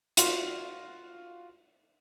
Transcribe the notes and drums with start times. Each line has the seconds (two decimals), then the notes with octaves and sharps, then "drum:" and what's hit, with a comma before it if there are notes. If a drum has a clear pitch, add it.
0.17 F4 F#4 C6, drum: hi-hat